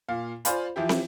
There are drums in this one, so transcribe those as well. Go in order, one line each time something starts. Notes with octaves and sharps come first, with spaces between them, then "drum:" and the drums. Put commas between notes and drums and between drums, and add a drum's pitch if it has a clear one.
A#2 F5
F4 C5 D5 F5 G#5 B5, drum: hi-hat
E3 F3 E4 G4
drum: snare